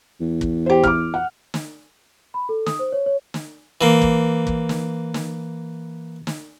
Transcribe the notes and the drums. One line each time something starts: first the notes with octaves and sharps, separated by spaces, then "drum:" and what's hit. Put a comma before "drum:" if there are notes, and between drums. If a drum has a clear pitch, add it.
E2
drum: kick
G4 C5
D6 F6, drum: kick
F#5
drum: snare
B5
A4
D#6, drum: snare
C5
C#5
C#5
drum: snare
E3 A#3
drum: kick
drum: kick
drum: snare
drum: snare
drum: snare